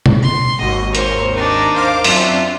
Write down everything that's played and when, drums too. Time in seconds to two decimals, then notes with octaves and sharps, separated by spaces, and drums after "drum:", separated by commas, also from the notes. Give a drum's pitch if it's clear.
0.06 drum: tom B2
0.22 C6
0.61 G#1 D#2 F#4 D#5
0.95 A#4 C5 C#5, drum: hi-hat
1.34 D4 D#4 A#4
1.75 C5 F5 D6
2.04 F#2 C4 D4 F4 E5, drum: open hi-hat